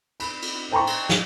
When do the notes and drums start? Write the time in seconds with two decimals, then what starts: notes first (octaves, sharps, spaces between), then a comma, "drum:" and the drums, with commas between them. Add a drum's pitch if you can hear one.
0.20 B5, drum: cymbal
0.42 drum: cymbal
0.72 C5 G5 A5 A#5 C6 C#6
0.87 drum: cymbal
1.09 drum: snare